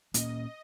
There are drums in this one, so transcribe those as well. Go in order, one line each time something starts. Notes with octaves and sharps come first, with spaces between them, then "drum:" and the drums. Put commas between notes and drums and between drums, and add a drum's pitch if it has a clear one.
A#2 A#3 C#4 D#5, drum: hi-hat